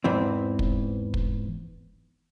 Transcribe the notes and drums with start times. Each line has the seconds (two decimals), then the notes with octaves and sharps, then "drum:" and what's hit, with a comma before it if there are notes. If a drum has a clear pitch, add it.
0.04 E2 G#2 E3 C4
0.59 drum: kick
1.14 drum: kick